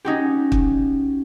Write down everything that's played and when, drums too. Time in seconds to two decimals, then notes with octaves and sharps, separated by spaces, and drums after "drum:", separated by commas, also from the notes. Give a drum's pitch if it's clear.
0.05 C#4 D#4 F#4 G4
0.52 drum: kick